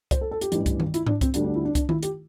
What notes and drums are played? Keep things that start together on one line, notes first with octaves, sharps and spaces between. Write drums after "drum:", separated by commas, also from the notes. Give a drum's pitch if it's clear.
C5, drum: kick C2, hi-hat
A4
A4
G4, drum: hi-hat
A1 G2 E3 G3, drum: hi-hat
drum: kick C2, hi-hat
drum: tom D#3
E4, drum: hi-hat
D4, drum: tom G#2
C4, drum: kick C2, hi-hat
D2 D3 G3 D4, drum: hi-hat
D4
E4
D4
D4, drum: kick C2, hi-hat
E4, drum: tom D#3
G4, drum: hi-hat